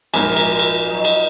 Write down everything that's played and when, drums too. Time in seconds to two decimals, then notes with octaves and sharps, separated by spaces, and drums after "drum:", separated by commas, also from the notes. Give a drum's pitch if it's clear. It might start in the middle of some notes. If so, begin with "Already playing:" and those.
0.14 A#1 F2 G#2 A#4 G#5, drum: cymbal
0.36 drum: cymbal
0.59 drum: cymbal
0.90 F#3 D#4
1.05 drum: cymbal